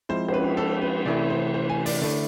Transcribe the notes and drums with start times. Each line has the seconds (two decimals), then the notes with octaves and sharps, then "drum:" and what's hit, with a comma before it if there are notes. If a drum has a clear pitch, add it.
0.09 F3 G#3 C4 E4 C5
0.28 C5, drum: cymbal
0.34 B4
0.57 A4
0.82 B4
1.05 C3 E3 A3 E4 D5
1.30 C5
1.54 C5
1.69 G#5
1.86 D5, drum: open hi-hat
2.02 D3 A3 E4 D5